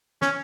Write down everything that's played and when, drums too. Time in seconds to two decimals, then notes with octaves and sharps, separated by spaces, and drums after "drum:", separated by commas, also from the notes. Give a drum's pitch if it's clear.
0.22 C#4, drum: snare